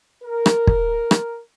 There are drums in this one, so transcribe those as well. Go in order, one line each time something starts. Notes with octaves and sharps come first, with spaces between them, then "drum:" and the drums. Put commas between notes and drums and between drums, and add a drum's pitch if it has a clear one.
A#4
drum: rim click
drum: kick
drum: rim click